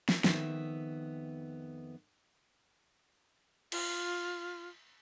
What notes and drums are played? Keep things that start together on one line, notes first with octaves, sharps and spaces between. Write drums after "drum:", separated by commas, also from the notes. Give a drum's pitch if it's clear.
drum: snare
F2 D#3 B3 E5, drum: snare
F4, drum: cymbal